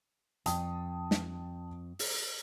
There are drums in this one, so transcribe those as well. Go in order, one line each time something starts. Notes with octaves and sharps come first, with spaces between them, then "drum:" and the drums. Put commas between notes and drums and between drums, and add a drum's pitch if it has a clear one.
F2 G5 A5 D#6, drum: hi-hat
drum: snare
drum: open hi-hat